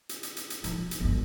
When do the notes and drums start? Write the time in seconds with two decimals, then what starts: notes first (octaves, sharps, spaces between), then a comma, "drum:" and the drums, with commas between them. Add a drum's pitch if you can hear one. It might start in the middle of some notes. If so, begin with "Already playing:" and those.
0.09 drum: hi-hat
0.23 drum: hi-hat
0.37 drum: hi-hat
0.50 drum: hi-hat
0.64 F3 D#4, drum: hi-hat
0.91 drum: hi-hat
1.00 G1 G2